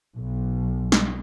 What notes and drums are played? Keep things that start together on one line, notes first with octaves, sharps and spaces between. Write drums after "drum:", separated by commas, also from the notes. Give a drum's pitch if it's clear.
B1
drum: snare